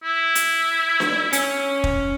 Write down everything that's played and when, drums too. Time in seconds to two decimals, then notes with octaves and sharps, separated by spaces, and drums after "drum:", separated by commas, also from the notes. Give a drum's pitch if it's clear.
0.03 E4
0.35 drum: hi-hat
1.00 drum: snare D4
1.33 C#4, drum: hi-hat
1.84 drum: kick